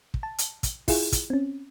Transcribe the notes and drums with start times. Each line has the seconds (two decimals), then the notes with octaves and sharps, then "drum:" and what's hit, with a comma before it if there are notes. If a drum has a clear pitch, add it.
0.14 drum: kick
0.23 A5
0.38 drum: hi-hat
0.63 drum: kick, hi-hat
0.88 E4 F4 G#4, drum: kick, open hi-hat
1.12 drum: kick, hi-hat
1.30 C4 C#4